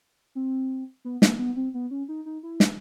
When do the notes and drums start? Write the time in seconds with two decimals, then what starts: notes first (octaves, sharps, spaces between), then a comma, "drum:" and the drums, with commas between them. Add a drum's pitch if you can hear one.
0.35 C4
1.05 B3
1.22 A#3, drum: snare
1.38 B3
1.56 C4
1.74 B3
1.91 C#4
2.09 D#4
2.26 D#4
2.43 E4
2.60 drum: snare